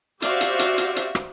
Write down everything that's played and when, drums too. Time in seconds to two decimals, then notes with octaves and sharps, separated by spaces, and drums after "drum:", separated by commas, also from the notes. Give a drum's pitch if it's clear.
0.22 F#4 G4 C5 D5 E5 F5, drum: hi-hat
0.41 drum: hi-hat
0.59 drum: hi-hat
0.78 drum: hi-hat
0.96 drum: hi-hat
1.15 drum: rim click